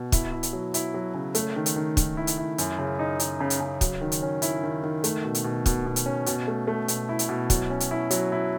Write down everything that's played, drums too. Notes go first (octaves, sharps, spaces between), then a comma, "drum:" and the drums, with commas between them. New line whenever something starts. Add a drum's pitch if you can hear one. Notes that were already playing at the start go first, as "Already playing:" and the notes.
Already playing: B2
E4, drum: kick, hi-hat
E4
drum: hi-hat
F#3
E4, drum: hi-hat
F#3
C#3
A3, drum: hi-hat
D#3
drum: hi-hat
D#3
D#3, drum: kick, hi-hat
E4
drum: hi-hat
E4
F#2, drum: hi-hat
C#3
D#4
D#4, drum: hi-hat
C#3
drum: hi-hat
C#3
F#3, drum: kick, hi-hat
D#3
drum: hi-hat
C#4
E4, drum: hi-hat
D#3
D#3
A3, drum: hi-hat
B2
drum: hi-hat
B2
B2, drum: kick, hi-hat
B2
drum: hi-hat
C#4
B2, drum: hi-hat
A3
A3
B2, drum: hi-hat
E4
drum: hi-hat
B2
F#3, drum: kick, hi-hat
C#4
drum: hi-hat
E4
F#3, drum: hi-hat
E4